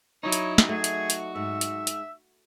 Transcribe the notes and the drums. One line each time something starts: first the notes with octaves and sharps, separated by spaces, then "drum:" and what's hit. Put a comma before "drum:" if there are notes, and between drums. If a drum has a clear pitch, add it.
F#3 D#4 E4 C#5 D#5
drum: hi-hat
drum: snare
A3 F#4 G#4
drum: hi-hat
drum: hi-hat
G#2 E5
drum: hi-hat
drum: hi-hat